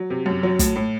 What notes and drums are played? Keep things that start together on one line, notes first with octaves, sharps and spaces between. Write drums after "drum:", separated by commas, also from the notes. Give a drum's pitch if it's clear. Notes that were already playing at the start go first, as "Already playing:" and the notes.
Already playing: F#3
C3
F#2
F#3
A2, drum: kick, hi-hat
A2